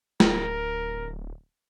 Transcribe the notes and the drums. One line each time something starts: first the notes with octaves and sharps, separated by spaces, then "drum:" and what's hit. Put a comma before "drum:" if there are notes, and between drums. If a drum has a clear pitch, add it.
D1 A#4, drum: snare